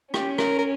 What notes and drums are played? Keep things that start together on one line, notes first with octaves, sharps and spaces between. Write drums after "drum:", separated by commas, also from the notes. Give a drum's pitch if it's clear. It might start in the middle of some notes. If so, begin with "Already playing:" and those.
C#4 G4, drum: rim click
A#4, drum: rim click
A#4